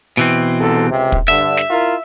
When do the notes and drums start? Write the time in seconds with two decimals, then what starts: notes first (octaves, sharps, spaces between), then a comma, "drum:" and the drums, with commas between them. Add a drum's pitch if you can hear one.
0.17 B2 E3 C4
0.60 C2 G#2 A4
0.90 C#2 C3
1.12 drum: kick
1.28 G2 D3 E5
1.57 drum: snare
1.70 E4 F4 A#4